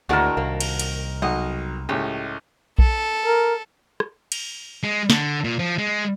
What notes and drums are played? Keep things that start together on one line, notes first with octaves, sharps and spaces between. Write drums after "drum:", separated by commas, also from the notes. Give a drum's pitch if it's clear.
D2 A2 D3 D#3 G#3 F#4 A#4 A5
C2 A#3
drum: cymbal
drum: cymbal
B1 F#4 D#5
C#2 A2 G4
A4, drum: kick A#1
A#4
drum: rim click
drum: cymbal
G#3
D3, drum: snare
A#2
F3
G#3